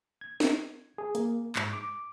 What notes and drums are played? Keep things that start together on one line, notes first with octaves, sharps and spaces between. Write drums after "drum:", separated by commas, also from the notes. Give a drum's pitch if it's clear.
G#6
drum: snare
G#4
A#3, drum: hi-hat
G#2, drum: clap
D6